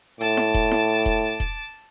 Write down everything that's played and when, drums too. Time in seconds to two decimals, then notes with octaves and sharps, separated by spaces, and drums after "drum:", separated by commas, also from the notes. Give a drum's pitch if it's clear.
0.20 A2 A5 D6
0.37 drum: snare E4
0.54 drum: kick E1
0.71 drum: snare E4
1.06 drum: kick E1
1.40 drum: kick E1